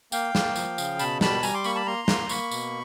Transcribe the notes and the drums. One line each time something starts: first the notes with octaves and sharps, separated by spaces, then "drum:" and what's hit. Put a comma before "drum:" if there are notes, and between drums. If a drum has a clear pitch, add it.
A#3 F5 G5, drum: tambourine
A#3, drum: snare
F3, drum: tambourine
C#3, drum: tambourine
B2 A5 B5, drum: tambourine
G3 A5 B5, drum: snare
G3 G#5 A#5, drum: tambourine
C6 D6
A#3 B5 C#6, drum: tambourine
A5 B5
A#3 A#5 C6
A#3, drum: snare
A#3 B5 C#6, drum: tambourine
B2, drum: tambourine